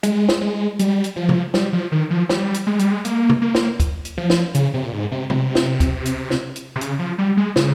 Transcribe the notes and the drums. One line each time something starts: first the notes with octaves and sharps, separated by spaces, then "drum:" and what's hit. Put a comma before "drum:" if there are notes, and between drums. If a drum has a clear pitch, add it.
G#3, drum: hi-hat
drum: snare
G#3
G3, drum: hi-hat
drum: hi-hat
F3
drum: tom C3
G3, drum: snare
F3
D#3
F3
G3, drum: snare
drum: hi-hat
G#3
G3, drum: hi-hat
G#3
A#3, drum: hi-hat
drum: tom C3
A#3
drum: snare
drum: kick, hi-hat
drum: hi-hat
F3
drum: snare
C#3, drum: hi-hat
C3
A#2
G#2
C3
C3, drum: tom C3
drum: snare
drum: kick, hi-hat
drum: hi-hat
drum: snare
drum: hi-hat
C3
C#3, drum: hi-hat
F3
G3
G#3
C#3, drum: snare